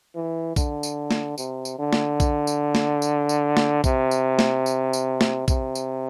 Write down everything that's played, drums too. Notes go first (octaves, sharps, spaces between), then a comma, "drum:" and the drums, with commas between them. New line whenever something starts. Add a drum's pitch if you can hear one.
E3
D3, drum: kick A#1, tambourine
drum: tambourine
drum: snare
C3, drum: tambourine
drum: tambourine
D3
drum: snare
drum: kick A#1, tambourine
drum: tambourine
drum: snare
drum: tambourine
drum: tambourine
drum: snare
C3, drum: kick A#1, tambourine
drum: tambourine
drum: snare
drum: tambourine
drum: tambourine
drum: snare
C3, drum: kick A#1, tambourine
drum: tambourine